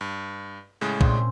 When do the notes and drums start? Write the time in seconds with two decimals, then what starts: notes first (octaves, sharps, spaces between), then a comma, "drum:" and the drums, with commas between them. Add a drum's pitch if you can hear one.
0.01 G2
0.81 A2 C#3 G#3
1.01 A#2 C4 C#4, drum: kick